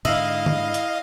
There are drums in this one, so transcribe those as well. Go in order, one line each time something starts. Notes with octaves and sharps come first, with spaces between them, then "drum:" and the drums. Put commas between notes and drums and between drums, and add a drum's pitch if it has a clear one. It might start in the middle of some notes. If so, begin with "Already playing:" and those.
G#2 D3 E4 D#5 F5
drum: tom D3
drum: hi-hat